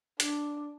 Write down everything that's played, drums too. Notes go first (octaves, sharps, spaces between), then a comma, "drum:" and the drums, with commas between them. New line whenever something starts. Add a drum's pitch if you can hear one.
D4, drum: hi-hat